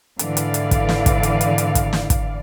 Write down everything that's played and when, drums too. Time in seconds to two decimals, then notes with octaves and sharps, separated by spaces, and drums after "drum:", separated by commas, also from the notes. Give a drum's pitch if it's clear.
0.19 G#2 D3 E3 D5 F5, drum: hi-hat
0.37 drum: hi-hat
0.54 drum: hi-hat
0.71 drum: kick, hi-hat
0.89 drum: snare
1.06 drum: kick, hi-hat
1.23 drum: hi-hat
1.41 drum: hi-hat
1.58 drum: hi-hat
1.75 drum: kick, hi-hat
1.93 drum: snare
2.10 drum: kick, hi-hat